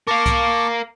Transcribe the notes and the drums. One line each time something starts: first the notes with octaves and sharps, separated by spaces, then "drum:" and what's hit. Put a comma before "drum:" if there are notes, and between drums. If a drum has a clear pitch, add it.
A#4 F5 A5 C#6 D6
drum: kick C2, hi-hat